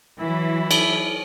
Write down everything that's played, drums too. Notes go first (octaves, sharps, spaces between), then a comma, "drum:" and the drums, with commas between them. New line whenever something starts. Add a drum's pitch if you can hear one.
E3 F#3 E4
drum: cymbal